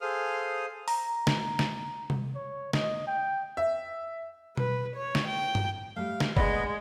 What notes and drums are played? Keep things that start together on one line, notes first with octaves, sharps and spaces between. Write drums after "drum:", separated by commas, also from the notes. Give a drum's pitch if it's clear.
G#4 A4 C5 F5 D#6 F6
A#5, drum: open hi-hat
drum: snare
drum: snare
drum: tom C3
C#5
D#5, drum: snare
G5
E5
B4, drum: tom B2
C#5
drum: snare
G5
drum: tom G2
G3 A3 F5
drum: snare
G#3 B3 D5 D#5 B5, drum: kick